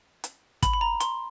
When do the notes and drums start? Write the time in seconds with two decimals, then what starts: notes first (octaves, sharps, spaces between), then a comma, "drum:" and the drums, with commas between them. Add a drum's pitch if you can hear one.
0.24 drum: hi-hat
0.63 B5, drum: kick, hi-hat
0.73 B5
0.81 A#5
1.00 C6, drum: hi-hat